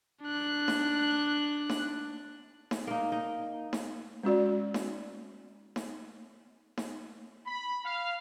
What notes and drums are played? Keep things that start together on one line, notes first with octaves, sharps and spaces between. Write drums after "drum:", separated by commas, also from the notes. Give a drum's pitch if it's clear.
D4 F#6
drum: snare D#4
drum: snare D#4
drum: snare D#4
A#3 D#4
D#4
drum: snare D#4
G#3 C#4 F#4 D5
drum: snare D#4
drum: snare D#4
drum: snare D#4
B5
F5